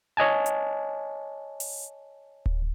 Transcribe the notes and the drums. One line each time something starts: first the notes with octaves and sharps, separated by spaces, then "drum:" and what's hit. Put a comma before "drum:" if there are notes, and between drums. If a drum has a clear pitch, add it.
C#5 D#5 G#5 A5
drum: hi-hat
drum: open hi-hat
drum: kick D1